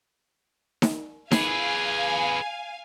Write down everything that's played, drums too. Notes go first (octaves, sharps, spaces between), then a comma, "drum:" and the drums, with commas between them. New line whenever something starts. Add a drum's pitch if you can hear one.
drum: snare D#4
G#4 B4 F5 G#5, drum: snare D#4